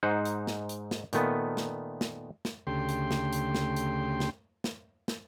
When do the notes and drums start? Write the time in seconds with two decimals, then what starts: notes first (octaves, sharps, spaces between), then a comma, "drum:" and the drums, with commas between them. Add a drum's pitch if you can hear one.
0.03 G#2 D#4 C5 F#5
0.25 drum: hi-hat
0.47 drum: snare
0.69 drum: hi-hat
0.91 drum: snare
1.13 A#2 D#3 A3 B3, drum: hi-hat
1.57 drum: snare
2.01 drum: snare
2.45 drum: snare
2.67 D2 C#3 A3 G4 G5 C6
2.89 drum: hi-hat
3.11 drum: snare
3.33 drum: hi-hat
3.55 drum: snare
3.76 drum: hi-hat
4.20 drum: snare
4.64 drum: snare
5.08 drum: snare